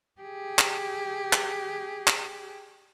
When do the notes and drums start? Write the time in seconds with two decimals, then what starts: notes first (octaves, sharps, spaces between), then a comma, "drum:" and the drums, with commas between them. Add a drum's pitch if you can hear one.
0.21 G4 G#4
0.59 drum: clap
1.33 drum: clap
2.07 drum: clap